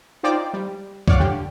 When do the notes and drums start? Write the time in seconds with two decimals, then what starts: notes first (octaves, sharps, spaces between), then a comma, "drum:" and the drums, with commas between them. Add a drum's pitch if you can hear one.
0.23 D#4 F4 C5 D5 G5 D6
0.54 G3
1.08 C#5 D5 F5 F#5 D6, drum: kick C#2
1.20 D3 G4